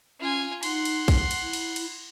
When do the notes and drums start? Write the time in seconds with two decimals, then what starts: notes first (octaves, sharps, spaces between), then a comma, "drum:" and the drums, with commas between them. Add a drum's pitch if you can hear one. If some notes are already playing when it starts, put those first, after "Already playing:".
0.21 C#4 F4 G#5
0.63 D#4 F#5 C6, drum: cymbal
0.85 drum: cymbal
1.08 drum: kick, cymbal
1.31 drum: cymbal
1.42 E4
1.53 drum: cymbal
1.76 drum: cymbal